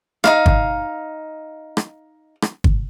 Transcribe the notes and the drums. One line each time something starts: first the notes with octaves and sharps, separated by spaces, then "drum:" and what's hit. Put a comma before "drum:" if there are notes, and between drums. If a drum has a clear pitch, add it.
D#4 E4 F5, drum: rim click
drum: kick
drum: rim click
drum: rim click
drum: kick